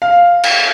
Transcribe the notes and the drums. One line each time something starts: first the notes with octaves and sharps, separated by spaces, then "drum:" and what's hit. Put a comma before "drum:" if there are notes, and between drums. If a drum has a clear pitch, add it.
F5
drum: cymbal